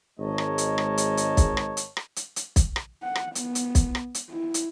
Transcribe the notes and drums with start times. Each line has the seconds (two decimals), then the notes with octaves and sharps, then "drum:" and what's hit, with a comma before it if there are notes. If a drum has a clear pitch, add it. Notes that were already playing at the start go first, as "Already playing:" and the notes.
0.20 G#1 G#3 A#4 C#5 D#5 A5
0.38 drum: rim click
0.58 drum: hi-hat
0.78 drum: rim click
0.98 drum: hi-hat
1.17 drum: hi-hat
1.37 drum: kick, hi-hat
1.57 drum: rim click
1.77 drum: hi-hat
1.97 drum: rim click
2.16 drum: hi-hat
2.36 drum: hi-hat
2.56 drum: kick, hi-hat
2.76 drum: rim click
3.03 F#5
3.15 drum: rim click
3.35 B3, drum: hi-hat
3.55 drum: hi-hat
3.75 drum: kick, hi-hat
3.95 drum: rim click
4.15 drum: hi-hat
4.30 E4
4.54 drum: hi-hat